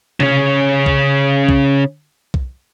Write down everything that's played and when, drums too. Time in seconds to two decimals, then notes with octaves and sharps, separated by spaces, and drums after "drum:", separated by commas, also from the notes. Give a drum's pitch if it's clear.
0.20 C#3 C#4, drum: tom C3
0.86 drum: kick B1
1.49 drum: kick B1
2.34 drum: kick B1